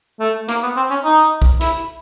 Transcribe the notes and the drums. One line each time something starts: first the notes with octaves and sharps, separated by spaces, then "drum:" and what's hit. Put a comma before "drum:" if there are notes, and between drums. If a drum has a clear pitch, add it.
A3
A#3, drum: hi-hat
B3
C4
C#4
D#4
drum: kick B1
E4, drum: hi-hat